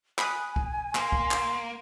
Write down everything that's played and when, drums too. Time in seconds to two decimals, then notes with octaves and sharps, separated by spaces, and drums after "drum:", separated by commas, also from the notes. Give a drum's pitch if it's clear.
0.19 G#5 B5 D#6 F#6, drum: clap
0.56 drum: kick
0.95 A#3 C6, drum: clap
1.12 drum: kick
1.31 drum: clap